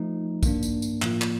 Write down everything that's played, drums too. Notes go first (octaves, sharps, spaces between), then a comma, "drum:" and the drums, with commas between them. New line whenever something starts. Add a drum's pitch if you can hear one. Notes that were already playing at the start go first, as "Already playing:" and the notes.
Already playing: F3 A3 D#4
G2 D#3 A#3 D4, drum: kick A#1, tambourine
drum: tambourine
drum: tambourine
A2 F3 A#3 F4, drum: clap
drum: clap